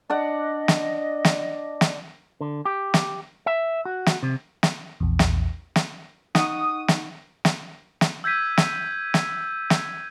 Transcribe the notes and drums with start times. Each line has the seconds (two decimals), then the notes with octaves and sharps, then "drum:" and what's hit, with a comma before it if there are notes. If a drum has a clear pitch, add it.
0.10 D4 D5 D#5 F#5
0.68 drum: snare
1.25 drum: snare
1.81 drum: snare
2.41 D3
2.65 G4
2.94 drum: snare
3.46 E5
3.85 F#4
4.06 drum: snare
4.23 C3
4.63 drum: snare
5.00 A#1 E2
5.19 drum: snare
5.76 drum: snare
6.35 D#4 F#5 C#6 D#6, drum: snare
6.88 drum: snare
7.45 drum: snare
8.01 drum: snare
8.24 E6 G6 G#6 B6 D#7
8.57 drum: snare
9.14 drum: snare
9.70 drum: snare